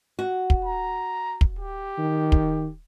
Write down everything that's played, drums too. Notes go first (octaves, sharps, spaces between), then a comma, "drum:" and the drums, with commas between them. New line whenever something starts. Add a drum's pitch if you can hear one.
F#4
drum: kick
A#5
drum: kick
G4
D#3
drum: kick